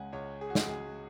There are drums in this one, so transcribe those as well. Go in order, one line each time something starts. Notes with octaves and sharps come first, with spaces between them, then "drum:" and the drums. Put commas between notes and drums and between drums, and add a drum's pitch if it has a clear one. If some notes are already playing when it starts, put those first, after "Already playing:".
Already playing: C#2 C#3 G#3 F#5 G#5
C#2 C#5
G#4
F#4
C#3 G#3 G#4, drum: snare
G#4